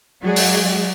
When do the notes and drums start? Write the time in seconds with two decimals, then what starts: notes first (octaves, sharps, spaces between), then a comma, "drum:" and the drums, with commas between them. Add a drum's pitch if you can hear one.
0.22 F#3 G#3 F#4 G#4 D5
0.36 drum: open hi-hat